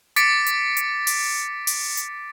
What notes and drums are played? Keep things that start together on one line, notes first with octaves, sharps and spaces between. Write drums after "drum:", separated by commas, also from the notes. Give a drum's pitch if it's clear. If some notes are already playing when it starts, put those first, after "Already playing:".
D6 A6 B6 C#7 D7, drum: hi-hat
drum: hi-hat
drum: hi-hat
drum: open hi-hat
drum: open hi-hat
drum: hi-hat